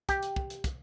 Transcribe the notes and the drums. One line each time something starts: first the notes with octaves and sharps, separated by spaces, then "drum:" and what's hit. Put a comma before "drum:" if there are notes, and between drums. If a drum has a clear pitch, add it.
G4, drum: kick, hi-hat
drum: hi-hat
drum: kick
drum: hi-hat
drum: kick, hi-hat